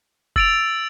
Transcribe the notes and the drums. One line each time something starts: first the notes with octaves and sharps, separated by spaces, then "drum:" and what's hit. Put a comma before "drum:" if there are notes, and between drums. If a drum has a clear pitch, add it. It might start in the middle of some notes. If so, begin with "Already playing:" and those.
E6 A6 D7 F7, drum: kick F1